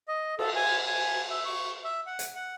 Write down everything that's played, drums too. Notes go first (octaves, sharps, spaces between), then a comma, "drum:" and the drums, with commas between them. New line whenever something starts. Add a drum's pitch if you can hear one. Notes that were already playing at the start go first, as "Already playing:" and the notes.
D#5
A4, drum: cymbal
G#5
G#5
E5
C#6
E5
F#5
drum: hi-hat
F#5